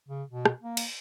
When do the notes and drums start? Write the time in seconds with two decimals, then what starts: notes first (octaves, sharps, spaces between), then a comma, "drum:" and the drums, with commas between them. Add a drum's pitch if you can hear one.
0.09 C#3
0.30 B2
0.45 drum: rim click
0.62 A#3
0.77 drum: cymbal